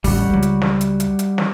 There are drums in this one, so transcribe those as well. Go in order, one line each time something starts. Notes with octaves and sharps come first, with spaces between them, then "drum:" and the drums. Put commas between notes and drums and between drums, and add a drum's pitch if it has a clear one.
A1 D2 G3 F#4, drum: open hi-hat
C#2 F#3
drum: hi-hat
drum: snare
drum: hi-hat
drum: hi-hat
drum: hi-hat
drum: snare